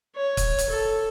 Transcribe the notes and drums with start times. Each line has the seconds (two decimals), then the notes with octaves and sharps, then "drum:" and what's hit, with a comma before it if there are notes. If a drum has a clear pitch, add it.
0.16 C#5
0.37 drum: kick C#1, hi-hat
0.59 drum: hi-hat
0.70 A4